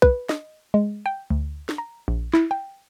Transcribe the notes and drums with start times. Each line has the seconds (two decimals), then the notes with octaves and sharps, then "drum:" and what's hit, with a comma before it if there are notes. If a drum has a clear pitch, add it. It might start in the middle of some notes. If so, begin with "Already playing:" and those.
0.02 B4, drum: kick
0.29 D#5, drum: snare
0.74 G#3
1.06 G5
1.30 D2
1.69 drum: snare
1.78 A#5
2.08 A#1
2.34 E4, drum: clap
2.51 G5